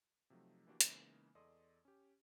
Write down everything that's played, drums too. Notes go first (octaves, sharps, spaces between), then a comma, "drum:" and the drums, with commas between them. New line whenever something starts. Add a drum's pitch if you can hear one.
C3 F3 F#3 A3 D#4
E3 A#3 D4 F#4 G4 D5
C#3 E3 G#3 A#3 B3 D#4, drum: hi-hat
E2 A4 D5 D#5 C6 D#6
C#4 G4